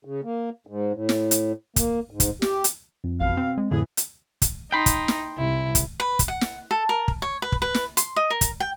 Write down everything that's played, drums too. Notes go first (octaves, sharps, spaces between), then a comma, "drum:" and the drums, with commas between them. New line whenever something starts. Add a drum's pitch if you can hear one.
C#3
A#3
G#2
A2
drum: snare
drum: hi-hat
A#3, drum: kick, hi-hat
G#2
drum: kick, hi-hat
G4, drum: snare
drum: hi-hat
F2
A1 B2 F5
C4
G#3 C4
F2 A2 D3 E3 G#4
drum: hi-hat
drum: kick, hi-hat
D#4 G5 B5 C6
drum: kick, hi-hat
drum: snare
C2 E4
drum: kick, hi-hat
B4
drum: kick, hi-hat
F#5
drum: snare
A4
A#4
drum: kick
C#5
B4
drum: kick
B4
drum: snare
C6, drum: hi-hat
D#5
A#4
drum: kick, hi-hat
G5